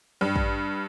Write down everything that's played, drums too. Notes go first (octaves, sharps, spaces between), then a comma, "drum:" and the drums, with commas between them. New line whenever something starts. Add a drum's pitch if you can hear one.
G2
drum: kick